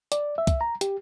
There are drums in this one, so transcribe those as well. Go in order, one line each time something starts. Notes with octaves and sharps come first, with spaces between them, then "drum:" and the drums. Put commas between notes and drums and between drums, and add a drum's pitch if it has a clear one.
D5, drum: hi-hat
E5
drum: kick, hi-hat
A#5
G4, drum: hi-hat